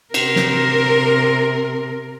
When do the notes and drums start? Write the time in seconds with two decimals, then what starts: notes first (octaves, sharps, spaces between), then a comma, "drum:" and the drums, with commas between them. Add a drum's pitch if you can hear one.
0.14 C3 A#4, drum: cymbal
0.36 drum: snare